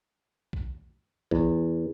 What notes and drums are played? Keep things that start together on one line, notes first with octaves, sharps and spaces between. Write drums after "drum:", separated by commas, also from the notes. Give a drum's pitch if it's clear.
drum: kick A#1
E2, drum: kick A#1